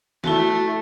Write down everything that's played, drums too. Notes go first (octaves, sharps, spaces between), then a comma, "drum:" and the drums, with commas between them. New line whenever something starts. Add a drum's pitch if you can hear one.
A3 E4 F#4, drum: snare